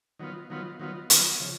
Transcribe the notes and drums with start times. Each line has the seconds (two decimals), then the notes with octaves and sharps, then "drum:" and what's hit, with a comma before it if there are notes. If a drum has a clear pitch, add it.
0.19 D#3 F#3 B3 F4
0.50 D#3 F#3 B3 F4
0.80 D#3 F#3 B3 F4
1.10 D#3 F#3 B3 F4, drum: hi-hat
1.40 C#3 F3